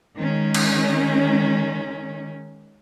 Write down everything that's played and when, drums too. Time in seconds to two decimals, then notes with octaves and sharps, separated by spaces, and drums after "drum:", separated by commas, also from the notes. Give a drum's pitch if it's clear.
0.18 D#3 G#3 C#4
0.54 drum: cymbal